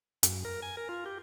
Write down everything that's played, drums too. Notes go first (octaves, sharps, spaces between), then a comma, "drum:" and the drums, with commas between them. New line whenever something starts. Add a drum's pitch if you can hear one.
F#2, drum: hi-hat
A#4
G#5
A#4
F4
G4